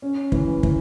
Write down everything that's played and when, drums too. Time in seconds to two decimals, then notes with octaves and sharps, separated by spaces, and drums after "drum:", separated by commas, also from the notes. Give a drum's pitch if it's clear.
0.02 C#4
0.32 E3, drum: kick
0.63 E3, drum: kick